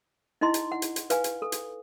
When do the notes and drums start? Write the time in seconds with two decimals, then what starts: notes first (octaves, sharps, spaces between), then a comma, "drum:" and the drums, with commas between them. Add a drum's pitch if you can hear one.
0.41 D#4 E4 D#5 C6
0.54 drum: hi-hat
0.72 F#5
0.82 drum: hi-hat
0.96 drum: hi-hat
1.10 B4 F5 G#5, drum: hi-hat
1.24 drum: hi-hat
1.42 A4
1.52 drum: hi-hat